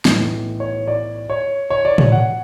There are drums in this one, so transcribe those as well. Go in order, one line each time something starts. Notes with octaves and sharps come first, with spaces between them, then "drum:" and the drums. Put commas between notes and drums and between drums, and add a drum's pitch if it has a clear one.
B1 A2 E3, drum: snare
C#5
D5
C#5
C#5
D5
C#5, drum: tom
F#5